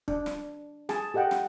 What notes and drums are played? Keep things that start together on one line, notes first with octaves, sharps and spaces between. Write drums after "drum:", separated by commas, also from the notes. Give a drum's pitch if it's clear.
D4, drum: kick
drum: snare
G#4 G#5 A5, drum: snare
G4 A4 D#5 F#5 G5
drum: snare